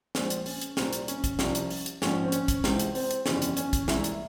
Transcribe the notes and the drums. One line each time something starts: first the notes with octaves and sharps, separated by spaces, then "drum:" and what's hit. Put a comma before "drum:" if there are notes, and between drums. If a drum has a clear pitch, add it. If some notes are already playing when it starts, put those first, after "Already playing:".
A#1 A#2 G#3 C4, drum: snare
drum: hi-hat
C#4, drum: open hi-hat
drum: hi-hat
C2 A#2 G3 C4, drum: snare
drum: hi-hat
C#4, drum: hi-hat
drum: kick, hi-hat
C2 C3 F3, drum: snare
drum: hi-hat
drum: open hi-hat
drum: hi-hat
A#1 G#2 F3 C#4, drum: snare
C4
C#4, drum: hi-hat
drum: kick, hi-hat
C#2 C3 E3 G#3 C4, drum: snare
drum: hi-hat
C4, drum: open hi-hat
drum: hi-hat
G1 F2 C#3 E3 G3 C#4, drum: snare
drum: hi-hat
C#4, drum: hi-hat
drum: kick, hi-hat
C2 A#2 E3 G#3 E4, drum: snare
drum: hi-hat